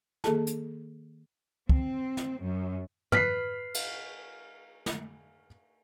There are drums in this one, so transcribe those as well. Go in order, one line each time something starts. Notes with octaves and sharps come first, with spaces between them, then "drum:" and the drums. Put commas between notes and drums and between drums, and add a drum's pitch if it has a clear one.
D#3 A#3 G#4 A4 A5, drum: snare
drum: hi-hat
C4, drum: kick
drum: snare
F#2
B4 F6 B6 C7, drum: tom
drum: cymbal
drum: snare